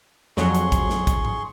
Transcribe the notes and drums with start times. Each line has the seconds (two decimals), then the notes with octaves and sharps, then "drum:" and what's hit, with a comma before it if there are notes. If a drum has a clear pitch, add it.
0.37 F2 F#3 G#4 C6 C#6, drum: snare
0.55 drum: hi-hat
0.72 drum: kick, hi-hat
0.90 drum: snare
1.07 drum: kick, hi-hat
1.25 drum: tom G#2